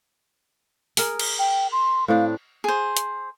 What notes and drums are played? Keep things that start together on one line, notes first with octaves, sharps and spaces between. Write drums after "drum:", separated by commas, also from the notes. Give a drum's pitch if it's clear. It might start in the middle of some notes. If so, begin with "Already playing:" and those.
G#4 A#4, drum: open hi-hat
drum: cymbal
G5
C6
A2 C4 D4 F5
G#4 C5
drum: hi-hat